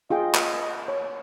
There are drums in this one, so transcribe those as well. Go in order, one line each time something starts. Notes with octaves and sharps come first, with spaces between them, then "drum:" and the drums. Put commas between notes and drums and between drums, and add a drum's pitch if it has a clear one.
F4 G#4 D#5 G5
drum: clap
C#5